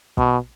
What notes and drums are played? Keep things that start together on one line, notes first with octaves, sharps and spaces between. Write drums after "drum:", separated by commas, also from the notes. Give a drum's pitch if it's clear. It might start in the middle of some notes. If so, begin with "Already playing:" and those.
B2, drum: kick